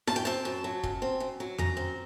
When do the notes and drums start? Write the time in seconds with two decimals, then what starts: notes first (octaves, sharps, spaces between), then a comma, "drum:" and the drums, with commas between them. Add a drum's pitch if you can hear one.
0.07 F#2 A5, drum: snare E4
0.16 G5
0.25 C4 A5
0.45 F#2
0.64 F#3
0.83 F#2, drum: kick
1.02 C4
1.20 F#2
1.40 F#3
1.58 F#2 A#5, drum: tom F2
1.77 C4